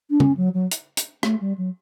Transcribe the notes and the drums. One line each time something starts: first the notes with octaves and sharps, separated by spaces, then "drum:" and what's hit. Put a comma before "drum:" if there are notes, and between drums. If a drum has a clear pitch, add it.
D4
C#4, drum: tom
F#3
F#3
drum: hi-hat
drum: hi-hat
A3, drum: rim click
G3
F#3